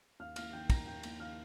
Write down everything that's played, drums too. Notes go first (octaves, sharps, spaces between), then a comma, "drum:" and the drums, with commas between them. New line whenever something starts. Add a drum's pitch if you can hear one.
D#2 F5 F6
A#3 F5 F6, drum: cymbal
D#3 G5 G6
D#2 A#5 A#6, drum: kick, cymbal
D#2 G5 G6
A#3, drum: cymbal
D#3 F5 F6